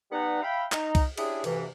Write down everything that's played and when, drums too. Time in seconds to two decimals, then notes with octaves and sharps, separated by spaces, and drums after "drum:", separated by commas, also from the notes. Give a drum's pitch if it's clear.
0.11 G3 B3 D#4 F#5
0.42 E5 F5 G5 B5
0.72 D#4, drum: clap
0.95 drum: kick C2, cymbal
1.18 C#4 D4 E4 G4 G#4, drum: cymbal
1.44 D2 G2 C3 E3, drum: cymbal